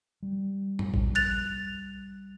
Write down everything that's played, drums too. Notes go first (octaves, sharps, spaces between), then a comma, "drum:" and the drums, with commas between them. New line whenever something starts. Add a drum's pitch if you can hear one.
G3
drum: tom
drum: kick A#1
F#6 A6 F7